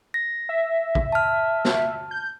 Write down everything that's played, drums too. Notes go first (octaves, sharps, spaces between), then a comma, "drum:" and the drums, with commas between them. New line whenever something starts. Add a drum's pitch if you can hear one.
A#6
E5
drum: kick
A5 F6
drum: snare
G6